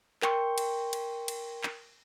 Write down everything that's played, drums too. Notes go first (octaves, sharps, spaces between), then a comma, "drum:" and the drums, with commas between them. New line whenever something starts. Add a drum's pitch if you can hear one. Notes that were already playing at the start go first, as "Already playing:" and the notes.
A#4 G5 C6 C#6, drum: clap
drum: cymbal
drum: cymbal
drum: cymbal
drum: clap